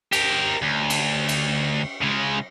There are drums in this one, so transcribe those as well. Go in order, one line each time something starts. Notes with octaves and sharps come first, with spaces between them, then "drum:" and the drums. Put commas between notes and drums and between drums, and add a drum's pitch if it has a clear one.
G4 A#4, drum: cymbal
D2
drum: cymbal
drum: cymbal
C#3 G#3